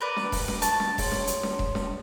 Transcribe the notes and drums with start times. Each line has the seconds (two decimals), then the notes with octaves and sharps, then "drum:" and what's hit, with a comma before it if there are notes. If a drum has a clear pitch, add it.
0.01 A#4 B4 D5
0.16 drum: snare
0.32 drum: kick E1, open hi-hat
0.48 drum: snare
0.62 A5 C#6, drum: hi-hat
0.80 drum: snare
0.98 G#4 C#5 C6, drum: kick E1, open hi-hat
1.12 drum: snare
1.27 drum: hi-hat
1.43 drum: snare
1.59 drum: kick E1
1.75 drum: snare